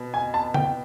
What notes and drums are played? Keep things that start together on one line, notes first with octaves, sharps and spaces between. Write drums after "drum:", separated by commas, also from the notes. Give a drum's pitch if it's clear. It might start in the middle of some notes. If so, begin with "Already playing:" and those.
Already playing: B2
G#5
A5
G5, drum: tom